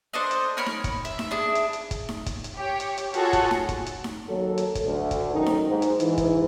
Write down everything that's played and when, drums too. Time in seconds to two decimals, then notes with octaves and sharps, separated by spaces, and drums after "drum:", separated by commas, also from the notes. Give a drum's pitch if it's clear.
0.13 D4 A4 C5 D#5
0.31 drum: hi-hat
0.57 A#4 C#5 B5 F6
0.66 drum: snare D#4
0.84 drum: kick, hi-hat
1.05 E5, drum: hi-hat
1.19 E5, drum: snare D#4
1.31 D4 E4 G#4
1.55 drum: hi-hat
1.73 drum: hi-hat
1.91 drum: kick, hi-hat
2.09 drum: snare D#4
2.26 drum: kick, hi-hat
2.44 drum: hi-hat
2.56 G4 C#5
2.80 drum: hi-hat
2.97 drum: hi-hat
3.14 F4 F#4 G#4 A4 C#5 F#5, drum: hi-hat
3.33 drum: kick, hi-hat
3.51 drum: snare D#4
3.69 drum: kick, hi-hat
3.86 drum: hi-hat
4.04 drum: snare D#4
4.29 D#2 F#3 A4
4.58 drum: hi-hat
4.75 drum: kick, hi-hat
4.85 D2
5.11 drum: kick, hi-hat
5.33 F#2 D#3 D#4
5.46 drum: snare D#4
5.67 G#2
5.82 drum: hi-hat
6.00 G#2 E3, drum: hi-hat
6.18 drum: kick, hi-hat